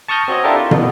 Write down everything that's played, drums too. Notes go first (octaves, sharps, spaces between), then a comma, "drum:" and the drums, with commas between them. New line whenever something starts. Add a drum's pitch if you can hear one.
A5 C#6 D#6 F6 G6 A#6
C4 F#4 C#5 D#5
D4 E4 F4 G4 A4 A#4
F4
B2 B3, drum: tom